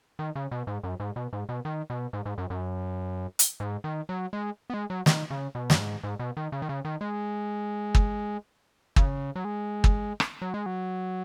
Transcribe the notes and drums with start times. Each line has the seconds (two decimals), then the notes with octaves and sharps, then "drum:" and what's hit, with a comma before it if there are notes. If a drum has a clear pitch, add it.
0.19 D#3
0.35 C#3
0.51 B2
0.67 G#2
0.83 F#2
1.00 G#2
1.16 B2
1.33 G#2
1.49 B2
1.65 D#3
1.90 B2
2.13 G#2
2.26 G#2
2.38 F#2
2.50 F#2
3.39 drum: hi-hat
3.60 G#2
3.84 D#3
4.09 F#3
4.33 G#3
4.70 B3
4.74 G#3
4.90 F#3
5.06 D#3, drum: snare
5.30 C#3
5.55 B2
5.70 F#2, drum: snare
5.79 G#2
6.03 G#2
6.19 B2
6.37 D#3
6.52 C#3
6.62 D#3
6.69 C#3
6.85 D#3
7.01 G#3
7.95 drum: kick
8.96 C#3, drum: kick
9.36 F#3
9.45 G#3
9.84 drum: kick
10.20 drum: rim click
10.42 F#3
10.54 G#3
10.66 F#3